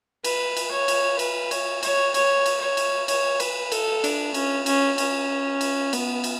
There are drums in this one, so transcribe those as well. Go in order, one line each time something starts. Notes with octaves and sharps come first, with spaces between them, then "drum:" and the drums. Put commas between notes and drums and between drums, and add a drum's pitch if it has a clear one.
B4, drum: cymbal
drum: cymbal
C#5
drum: cymbal
B4, drum: cymbal
C#5, drum: cymbal
C#5, drum: cymbal
C#5, drum: cymbal
drum: cymbal
C#5
drum: cymbal
C#5, drum: cymbal
B4, drum: cymbal
A4, drum: cymbal
D4, drum: cymbal
C#4, drum: cymbal
C#4, drum: cymbal
C#4, drum: cymbal
drum: cymbal
B3, drum: cymbal
drum: cymbal